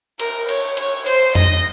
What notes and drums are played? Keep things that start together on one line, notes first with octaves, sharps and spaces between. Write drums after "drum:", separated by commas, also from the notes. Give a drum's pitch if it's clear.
A#4, drum: cymbal
C#5, drum: cymbal
C#5, drum: cymbal
C5, drum: cymbal
D#5, drum: tom F2